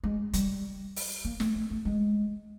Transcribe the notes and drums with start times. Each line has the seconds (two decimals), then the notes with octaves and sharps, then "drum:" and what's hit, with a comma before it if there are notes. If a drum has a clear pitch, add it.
0.04 G#3
0.33 G3, drum: hi-hat
0.96 drum: open hi-hat
1.24 A#3
1.40 A3, drum: snare
1.55 A3
1.70 A3
1.85 G#3